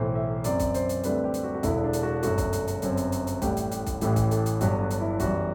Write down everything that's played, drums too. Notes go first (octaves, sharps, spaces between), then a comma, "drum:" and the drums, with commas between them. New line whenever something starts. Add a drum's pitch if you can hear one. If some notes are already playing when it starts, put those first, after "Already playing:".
Already playing: B1 A2 E3 C5
E5
F#2 F#3 C4 D5, drum: hi-hat
drum: kick B1, hi-hat
C5, drum: hi-hat
drum: hi-hat
D2 D3 G3 C4 B4, drum: hi-hat
G4
drum: hi-hat
F#4
F#4
E1 E2 D3 E4, drum: kick B1, hi-hat
D4
drum: hi-hat
F#4
G1 F#2 D3 A3 F#4, drum: hi-hat
drum: kick B1, hi-hat
drum: hi-hat
drum: hi-hat
G1 F#2 F#3 C4, drum: hi-hat
drum: hi-hat
drum: hi-hat
drum: hi-hat
A1 A2 G3 G4, drum: kick B1, hi-hat
drum: hi-hat
G4, drum: hi-hat
drum: kick B1, hi-hat
A1 A2 E3 G4, drum: hi-hat
drum: kick B1, hi-hat
A4, drum: hi-hat
drum: hi-hat
G1 G2 F#3 B3 F#4, drum: hi-hat
D4
drum: hi-hat
E4
F#2 E3 G3 B3 F#4, drum: kick B1, hi-hat